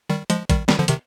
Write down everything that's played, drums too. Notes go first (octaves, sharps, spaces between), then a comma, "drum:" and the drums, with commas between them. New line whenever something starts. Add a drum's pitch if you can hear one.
D#3 G3
F3 G#3, drum: hi-hat
D#3 G3, drum: kick, hi-hat
D#3 G3, drum: snare
D3 F3
C3 D#3, drum: hi-hat